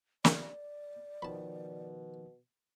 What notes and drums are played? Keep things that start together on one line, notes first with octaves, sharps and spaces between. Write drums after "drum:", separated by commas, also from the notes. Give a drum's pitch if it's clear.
A#3 D#4 D5, drum: snare
B2 D#3 F3 A5 B5